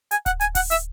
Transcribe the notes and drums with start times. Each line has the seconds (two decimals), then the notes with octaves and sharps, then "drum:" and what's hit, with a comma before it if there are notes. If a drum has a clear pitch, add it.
0.11 G#5, drum: hi-hat
0.26 F#5, drum: kick D1, hi-hat
0.41 G#5, drum: hi-hat
0.55 F#5, drum: kick D1, open hi-hat
0.71 E5, drum: hi-hat